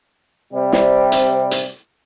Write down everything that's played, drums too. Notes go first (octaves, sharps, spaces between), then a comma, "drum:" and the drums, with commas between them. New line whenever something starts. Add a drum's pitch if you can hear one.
C3 G3
drum: snare
drum: hi-hat
drum: hi-hat